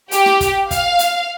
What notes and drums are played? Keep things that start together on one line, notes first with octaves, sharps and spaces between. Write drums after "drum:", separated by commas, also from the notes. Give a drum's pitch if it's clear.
G4, drum: hi-hat
drum: snare
drum: kick, hi-hat
F5, drum: kick, hi-hat
drum: hi-hat